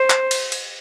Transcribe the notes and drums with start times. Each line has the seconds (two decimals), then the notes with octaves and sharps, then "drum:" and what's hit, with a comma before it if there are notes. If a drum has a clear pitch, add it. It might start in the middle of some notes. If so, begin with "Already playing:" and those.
Already playing: C5
0.10 drum: clap
0.31 drum: cymbal
0.52 drum: cymbal